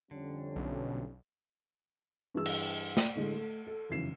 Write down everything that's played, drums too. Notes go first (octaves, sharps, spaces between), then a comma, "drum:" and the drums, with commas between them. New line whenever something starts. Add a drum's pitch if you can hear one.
F2 D3 G3 C#4
B1
G2 E3 G#4 E6
drum: cymbal
D5 G5, drum: snare
A2 D3 G#3 A3
A3
A4
F1 F#2 C#3 E3 C7 E7